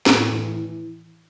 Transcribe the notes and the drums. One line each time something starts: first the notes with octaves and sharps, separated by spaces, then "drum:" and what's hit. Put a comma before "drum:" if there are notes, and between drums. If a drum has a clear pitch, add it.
A2, drum: snare
E3
E3